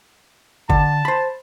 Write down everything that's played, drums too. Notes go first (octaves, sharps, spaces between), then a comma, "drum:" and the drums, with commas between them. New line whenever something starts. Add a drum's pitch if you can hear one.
D3 A5, drum: kick G1
C5 B5